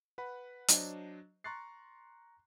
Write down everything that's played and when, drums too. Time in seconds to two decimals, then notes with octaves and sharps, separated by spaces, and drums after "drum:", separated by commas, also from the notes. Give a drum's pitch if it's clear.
0.18 B4 F#5 B5
0.68 F#3 D4 C5 D#5, drum: hi-hat
1.44 A#5 C6 C#6 F#6 A6 C7